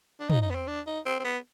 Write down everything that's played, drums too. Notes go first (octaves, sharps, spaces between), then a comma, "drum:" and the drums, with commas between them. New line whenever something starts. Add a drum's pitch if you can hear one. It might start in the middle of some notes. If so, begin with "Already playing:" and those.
D4
D#4, drum: tom
D#4
B3
C4
D4
D#4
C4
C4
B3